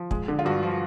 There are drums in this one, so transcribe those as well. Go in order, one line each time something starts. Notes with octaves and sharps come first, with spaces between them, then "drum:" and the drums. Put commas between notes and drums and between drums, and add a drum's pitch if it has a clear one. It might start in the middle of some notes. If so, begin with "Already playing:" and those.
Already playing: F3
G#3, drum: kick
D3
F4
G2 F#4
F3